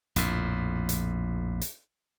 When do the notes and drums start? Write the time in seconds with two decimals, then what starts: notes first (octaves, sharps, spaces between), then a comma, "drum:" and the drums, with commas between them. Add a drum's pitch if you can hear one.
0.16 A#1 F2 A2, drum: hi-hat
0.89 drum: hi-hat
1.61 drum: hi-hat